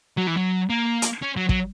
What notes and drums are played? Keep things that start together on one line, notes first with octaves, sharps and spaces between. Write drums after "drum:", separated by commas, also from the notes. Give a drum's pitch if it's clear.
F#3
E3
F#3
A#3
drum: hi-hat
C#4
F#3
F#3, drum: kick